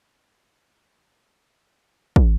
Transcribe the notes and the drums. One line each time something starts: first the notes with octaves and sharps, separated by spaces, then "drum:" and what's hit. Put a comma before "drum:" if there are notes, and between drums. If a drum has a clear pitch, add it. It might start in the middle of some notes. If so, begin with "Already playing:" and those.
F#2
E1 B1 E2 G#3
A#2 D#3 C4
drum: kick